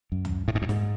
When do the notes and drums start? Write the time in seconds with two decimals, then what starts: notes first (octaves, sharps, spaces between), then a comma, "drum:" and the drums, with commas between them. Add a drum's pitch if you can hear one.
0.12 F#2
0.25 drum: tom C#2
0.48 A2
0.55 G#2
0.62 F#2
0.69 G#2, drum: snare